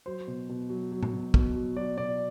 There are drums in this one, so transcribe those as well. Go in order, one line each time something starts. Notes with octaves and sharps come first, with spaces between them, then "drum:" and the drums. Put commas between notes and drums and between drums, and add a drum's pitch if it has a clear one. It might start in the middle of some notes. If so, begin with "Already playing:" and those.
F#3 C5
B2
B2
F#3
F#3
drum: tom A2
B2
B2, drum: kick
F#3
F#3 D5
B2 D5